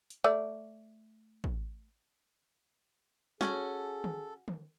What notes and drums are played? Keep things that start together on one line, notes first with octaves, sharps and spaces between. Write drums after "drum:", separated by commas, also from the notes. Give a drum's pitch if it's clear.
drum: hi-hat
A3 D5, drum: rim click
drum: kick
C#4 F#4 G#4 A4, drum: snare
drum: tom
drum: tom